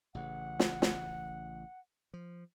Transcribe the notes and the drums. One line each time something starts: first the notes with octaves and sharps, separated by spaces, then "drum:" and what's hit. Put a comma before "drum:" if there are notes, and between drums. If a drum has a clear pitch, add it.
A1 C#3 E3 F#5
drum: snare
drum: snare
F3